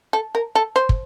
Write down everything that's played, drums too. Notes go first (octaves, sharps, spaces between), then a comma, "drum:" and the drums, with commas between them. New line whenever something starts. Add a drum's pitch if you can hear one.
A4
A#4
A4
C5
drum: kick